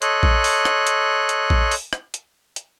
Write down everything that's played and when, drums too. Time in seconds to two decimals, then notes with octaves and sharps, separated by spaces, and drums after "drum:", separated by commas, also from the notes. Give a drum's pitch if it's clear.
0.02 A4 C#5 D#5 C6 F#6, drum: hi-hat
0.23 drum: kick A#1
0.44 drum: open hi-hat
0.65 drum: rim click
0.87 drum: hi-hat
1.29 drum: hi-hat
1.50 drum: kick A#1
1.71 drum: open hi-hat
1.93 drum: rim click
2.14 drum: hi-hat
2.56 drum: hi-hat